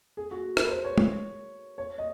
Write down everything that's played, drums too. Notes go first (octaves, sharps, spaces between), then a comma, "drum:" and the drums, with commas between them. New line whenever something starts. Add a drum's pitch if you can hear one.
G#4
F#4
A#4, drum: rim click
B4
C5
C#5
drum: tom G#3
C#5
D#5